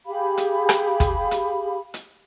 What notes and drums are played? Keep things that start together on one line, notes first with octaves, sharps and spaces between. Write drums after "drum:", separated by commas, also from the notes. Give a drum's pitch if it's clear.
G4 G#4 F5 B5
drum: hi-hat
drum: rim click
drum: kick, hi-hat
drum: hi-hat
drum: hi-hat